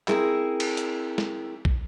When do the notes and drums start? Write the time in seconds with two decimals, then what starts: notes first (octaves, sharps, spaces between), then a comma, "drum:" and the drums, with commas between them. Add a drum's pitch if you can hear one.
0.08 C4 E4 G#4 A#4, drum: clap
0.60 drum: cymbal
0.77 drum: hi-hat
1.18 drum: snare
1.65 drum: kick